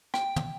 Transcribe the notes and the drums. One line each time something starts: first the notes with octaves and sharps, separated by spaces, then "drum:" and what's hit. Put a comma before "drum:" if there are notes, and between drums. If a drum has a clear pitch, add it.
G5, drum: rim click
drum: tom